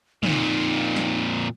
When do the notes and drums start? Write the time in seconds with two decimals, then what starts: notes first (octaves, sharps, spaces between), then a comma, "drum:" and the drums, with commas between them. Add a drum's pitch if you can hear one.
0.23 F2 A#2 D#4, drum: tom
0.96 drum: snare